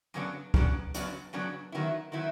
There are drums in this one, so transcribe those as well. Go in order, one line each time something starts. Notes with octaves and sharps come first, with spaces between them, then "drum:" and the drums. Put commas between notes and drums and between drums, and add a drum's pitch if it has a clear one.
F#2 C#3 F#3 B3 D4
F#2 C#3 F#3 B3 D4, drum: kick
F#2 C#3 F#3 B3 D4, drum: hi-hat
F#2 C#3 F#3 B3 D4
D#3 F#3 B3 E4
D#3 F#3 B3 E4